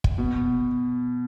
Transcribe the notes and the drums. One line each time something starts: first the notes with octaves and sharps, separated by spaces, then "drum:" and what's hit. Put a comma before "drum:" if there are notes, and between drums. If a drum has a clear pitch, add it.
drum: kick
B2